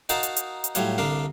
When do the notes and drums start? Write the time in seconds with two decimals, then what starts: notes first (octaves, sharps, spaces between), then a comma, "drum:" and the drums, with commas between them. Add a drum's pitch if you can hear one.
0.09 D#4 F#4 A#4 F5 F#5 A5, drum: hi-hat
0.23 drum: hi-hat
0.36 drum: hi-hat
0.64 drum: hi-hat
0.75 A2 F#3 G3 F4 C#5 F#5, drum: hi-hat
0.98 C2 D3 D4 A#4 F5